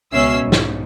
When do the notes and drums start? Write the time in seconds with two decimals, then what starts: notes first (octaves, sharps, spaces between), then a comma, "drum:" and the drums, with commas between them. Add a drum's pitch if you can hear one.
0.13 C#2 B2 C#4 E5 E6 C7
0.43 B1 G#2
0.52 drum: snare